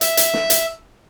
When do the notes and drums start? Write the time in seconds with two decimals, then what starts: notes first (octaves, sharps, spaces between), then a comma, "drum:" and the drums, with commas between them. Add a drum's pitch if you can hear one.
0.01 E5, drum: hi-hat
0.17 drum: hi-hat
0.34 drum: snare
0.50 drum: hi-hat